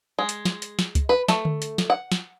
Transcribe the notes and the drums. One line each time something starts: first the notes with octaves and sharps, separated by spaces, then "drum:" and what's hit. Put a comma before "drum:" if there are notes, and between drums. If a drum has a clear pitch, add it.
G#3
drum: hi-hat
drum: snare
drum: hi-hat
drum: snare
drum: kick, hi-hat
B4
A3, drum: snare
drum: tom D3
drum: hi-hat
drum: snare
F#5
drum: snare